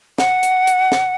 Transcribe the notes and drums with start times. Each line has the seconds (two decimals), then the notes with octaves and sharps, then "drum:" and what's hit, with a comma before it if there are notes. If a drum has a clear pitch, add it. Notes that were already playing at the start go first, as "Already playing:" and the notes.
0.18 F#5, drum: snare
0.43 drum: hi-hat
0.67 drum: hi-hat
0.92 drum: snare